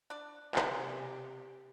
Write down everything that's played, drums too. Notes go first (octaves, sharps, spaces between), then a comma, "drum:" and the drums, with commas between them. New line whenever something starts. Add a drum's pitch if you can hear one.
D4 D5
C3 G4, drum: clap